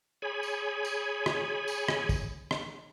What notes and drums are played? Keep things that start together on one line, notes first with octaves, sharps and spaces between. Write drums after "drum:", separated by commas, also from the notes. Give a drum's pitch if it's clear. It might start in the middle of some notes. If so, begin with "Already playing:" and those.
G#4 C#5 G#5 B5
drum: tambourine
drum: tambourine
drum: rim click
drum: tambourine
drum: rim click
drum: kick, tambourine
drum: rim click